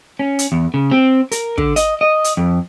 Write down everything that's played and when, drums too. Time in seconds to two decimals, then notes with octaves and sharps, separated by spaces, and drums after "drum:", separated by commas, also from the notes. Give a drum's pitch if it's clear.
0.19 C#4
0.39 drum: hi-hat
0.52 E2
0.74 C#3
0.91 C4
1.32 A#4, drum: hi-hat
1.58 D3, drum: kick
1.76 D#5, drum: hi-hat
2.01 D#5
2.24 drum: hi-hat
2.37 F2